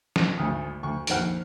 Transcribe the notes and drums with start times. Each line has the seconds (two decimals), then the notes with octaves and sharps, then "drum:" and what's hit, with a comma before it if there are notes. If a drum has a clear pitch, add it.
0.16 drum: snare
0.38 G#1 D2 D#6
0.83 D2 C#6
1.07 A#1 F2 D#3 C5 F#5 F6, drum: hi-hat